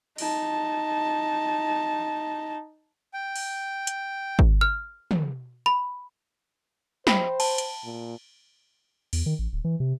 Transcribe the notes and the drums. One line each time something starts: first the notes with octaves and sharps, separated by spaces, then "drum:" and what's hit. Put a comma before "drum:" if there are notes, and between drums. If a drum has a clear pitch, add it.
D#4 A5, drum: open hi-hat
G5
drum: open hi-hat
drum: hi-hat
drum: kick G#1
F6
drum: tom
B5
C5 E5 G5 B5, drum: snare
A5, drum: cymbal
drum: hi-hat
A#2
E2, drum: open hi-hat
D#3
A1
D1
E3
C3